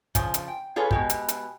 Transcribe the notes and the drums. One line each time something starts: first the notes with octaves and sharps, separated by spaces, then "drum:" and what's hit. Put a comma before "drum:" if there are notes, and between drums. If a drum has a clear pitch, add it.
C#3 F3, drum: kick, hi-hat
drum: hi-hat
G5
F4 G#4 A4 B4 C#5 F5
B2 G#3 G4, drum: kick
drum: hi-hat
drum: hi-hat